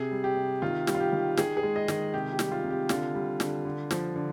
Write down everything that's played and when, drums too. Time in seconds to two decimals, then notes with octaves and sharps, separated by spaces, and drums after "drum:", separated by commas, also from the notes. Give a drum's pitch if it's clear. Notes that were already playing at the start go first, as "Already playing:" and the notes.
Already playing: C3 G#4
0.11 G3
0.24 G4
0.36 C3
0.62 D#3 F4
0.87 G3, drum: snare
0.95 F4
1.00 G4
1.13 D#3
1.37 D#3 G#4, drum: snare
1.57 G#4
1.63 G#3
1.76 D#5
1.88 D#3, drum: snare
2.14 C3 G4
2.33 G4
2.39 G3, drum: snare
2.52 F4
2.64 C3
2.70 G4
2.89 D3 F4, drum: snare
3.15 G3
3.40 D3, drum: snare
3.65 D3
3.91 F3, drum: snare
4.16 D3